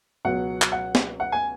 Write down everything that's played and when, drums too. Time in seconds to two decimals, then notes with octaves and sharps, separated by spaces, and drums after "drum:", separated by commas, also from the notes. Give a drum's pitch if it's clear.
0.25 C#2 B2 F#3 F#5
0.62 drum: clap
0.72 F#5
0.95 drum: snare
1.20 F#5
1.32 G#5